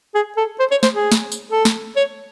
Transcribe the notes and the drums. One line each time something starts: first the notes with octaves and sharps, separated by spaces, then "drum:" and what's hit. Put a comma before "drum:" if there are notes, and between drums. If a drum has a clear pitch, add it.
G#4
A4
C5
C#5
C5, drum: snare
G#4
drum: snare
drum: tambourine
A4
drum: snare
C#5